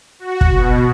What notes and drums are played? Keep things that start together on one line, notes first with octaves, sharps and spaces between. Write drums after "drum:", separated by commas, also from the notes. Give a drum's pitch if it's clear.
F#4
drum: kick
B2